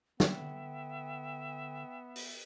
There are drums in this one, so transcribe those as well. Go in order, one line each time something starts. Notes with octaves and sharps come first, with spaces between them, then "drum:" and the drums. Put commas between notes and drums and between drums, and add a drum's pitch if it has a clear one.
D3 B3 E5 G5, drum: snare
drum: open hi-hat